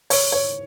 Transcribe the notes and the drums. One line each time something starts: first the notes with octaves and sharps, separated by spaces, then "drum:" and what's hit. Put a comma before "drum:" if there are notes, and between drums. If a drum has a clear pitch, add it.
C#5, drum: open hi-hat
C#5